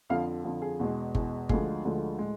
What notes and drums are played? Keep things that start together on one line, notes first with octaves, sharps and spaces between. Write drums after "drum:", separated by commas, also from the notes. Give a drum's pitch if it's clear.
F2 D3 F3 F5
F2 D3 F3
G#4
E2 B2 G#3
E2 B2 G#3, drum: kick G1
D2 D3 F3 G#3 G#4, drum: kick G1
D2 D3 F3 G#3
A2 G#3